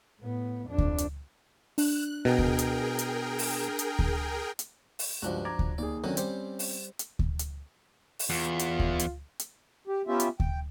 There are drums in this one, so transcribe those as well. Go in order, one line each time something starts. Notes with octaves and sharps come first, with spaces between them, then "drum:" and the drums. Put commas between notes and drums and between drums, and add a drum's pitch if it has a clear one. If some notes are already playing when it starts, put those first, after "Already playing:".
A2 B3
F2 D4
drum: kick D2
drum: hi-hat
D4 F#6, drum: open hi-hat
B2 G#4 A#4 G5
drum: kick D2
drum: hi-hat
drum: hi-hat
drum: open hi-hat
drum: hi-hat
drum: kick D2
drum: hi-hat
drum: open hi-hat
C#2 G2 F3 D4 F#4
A#5 D6 G#6
drum: kick D2
D#2 G#4 D5
D3 D#3 F#3 C4 C#4
G3 C5 D5, drum: hi-hat
drum: open hi-hat
drum: hi-hat
drum: kick D2
drum: hi-hat
drum: open hi-hat
E2 F4
drum: hi-hat
drum: kick D2
drum: hi-hat
drum: hi-hat
G4
B3 C#4 F4 G4 E5
drum: hi-hat
G5, drum: kick D2